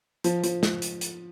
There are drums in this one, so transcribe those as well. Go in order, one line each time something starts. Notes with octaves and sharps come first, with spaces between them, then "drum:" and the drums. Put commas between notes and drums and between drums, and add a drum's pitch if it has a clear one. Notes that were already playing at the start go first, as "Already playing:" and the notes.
F3, drum: hi-hat
F3, drum: hi-hat
drum: snare
drum: hi-hat
drum: hi-hat